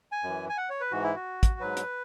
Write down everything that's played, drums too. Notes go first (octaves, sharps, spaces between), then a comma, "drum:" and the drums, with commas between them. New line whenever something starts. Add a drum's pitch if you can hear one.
G#5
F#2
E3
G#5
F#5
C#5
B4
G#2 E3 F#4
E4
F#4
drum: kick, hi-hat
G#2 F#3 B4
drum: hi-hat